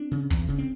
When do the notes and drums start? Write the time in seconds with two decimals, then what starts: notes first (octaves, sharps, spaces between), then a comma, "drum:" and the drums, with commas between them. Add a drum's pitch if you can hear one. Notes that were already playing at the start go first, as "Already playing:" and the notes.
Already playing: C4 D4
0.11 C#3
0.30 E2, drum: kick
0.48 C#3
0.58 C4